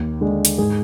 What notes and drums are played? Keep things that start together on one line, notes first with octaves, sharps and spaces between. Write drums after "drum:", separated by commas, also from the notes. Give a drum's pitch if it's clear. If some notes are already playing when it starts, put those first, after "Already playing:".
Already playing: D#2
D3 G#3
drum: hi-hat
G#2 G#4